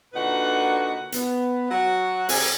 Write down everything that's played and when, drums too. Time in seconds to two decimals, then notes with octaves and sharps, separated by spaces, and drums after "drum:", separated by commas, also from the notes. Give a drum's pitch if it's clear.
0.14 A#2 D3 D#4 F#4 B4 F#5
1.12 B3, drum: hi-hat
1.70 F#3 F#4 F#5
2.29 C3 G#4, drum: open hi-hat